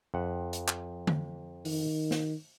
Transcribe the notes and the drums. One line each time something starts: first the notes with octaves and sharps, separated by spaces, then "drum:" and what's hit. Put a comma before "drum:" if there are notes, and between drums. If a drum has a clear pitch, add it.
F2 F#5
drum: hi-hat
drum: clap
drum: tom D3
D#3, drum: open hi-hat
drum: snare